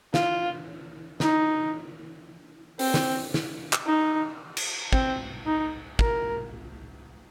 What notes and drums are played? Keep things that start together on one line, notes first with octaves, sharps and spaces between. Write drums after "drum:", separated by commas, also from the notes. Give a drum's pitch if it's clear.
F4, drum: snare
D#4, drum: snare
C4, drum: open hi-hat
drum: snare
drum: snare
drum: clap
D#4
drum: cymbal
C4, drum: kick
D#4
A#4, drum: kick